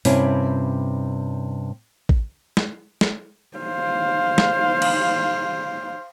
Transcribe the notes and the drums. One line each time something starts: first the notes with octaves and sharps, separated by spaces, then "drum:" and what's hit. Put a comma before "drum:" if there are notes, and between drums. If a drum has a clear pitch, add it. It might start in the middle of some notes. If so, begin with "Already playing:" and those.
G2 C3 C#4 E4, drum: open hi-hat
drum: kick A1
drum: snare
drum: snare
C5 F5
drum: snare
drum: cymbal